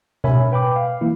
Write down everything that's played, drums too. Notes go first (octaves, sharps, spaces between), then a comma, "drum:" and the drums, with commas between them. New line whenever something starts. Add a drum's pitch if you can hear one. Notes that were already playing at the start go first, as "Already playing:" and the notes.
A#4 C#5 E5 G#5 B5, drum: tom B2
B4 G5 B5 D6
F5
E3 A#3 E4